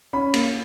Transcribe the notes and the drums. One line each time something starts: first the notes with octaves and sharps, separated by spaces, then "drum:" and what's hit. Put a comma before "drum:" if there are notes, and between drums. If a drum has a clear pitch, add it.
C#4 B5
A#3, drum: cymbal